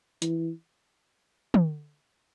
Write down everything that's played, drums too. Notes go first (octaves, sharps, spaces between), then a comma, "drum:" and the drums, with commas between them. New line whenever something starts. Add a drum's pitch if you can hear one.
E3, drum: hi-hat
drum: tom